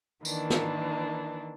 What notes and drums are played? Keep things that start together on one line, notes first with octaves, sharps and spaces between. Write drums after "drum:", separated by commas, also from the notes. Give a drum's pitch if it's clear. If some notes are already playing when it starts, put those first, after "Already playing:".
D#3 E3 A#3 D4, drum: tambourine
drum: snare